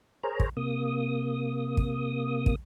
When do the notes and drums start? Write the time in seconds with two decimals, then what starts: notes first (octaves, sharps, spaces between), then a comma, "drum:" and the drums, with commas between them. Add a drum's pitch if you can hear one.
0.23 G#4 A#4 C5 C#5 A#5
0.40 drum: kick
0.57 C3 A#3 D#6
1.77 drum: kick
2.46 drum: kick